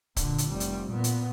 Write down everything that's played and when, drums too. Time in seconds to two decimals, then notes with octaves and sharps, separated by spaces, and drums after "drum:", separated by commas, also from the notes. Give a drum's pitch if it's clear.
0.16 A#2 D3, drum: kick C#1, hi-hat
0.38 drum: hi-hat
0.48 F1 G3
0.60 drum: hi-hat
0.90 A#2 B3
1.04 drum: hi-hat